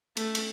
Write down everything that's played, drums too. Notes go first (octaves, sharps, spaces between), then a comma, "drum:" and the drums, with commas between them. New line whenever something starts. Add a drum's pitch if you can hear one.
A3, drum: cymbal
drum: cymbal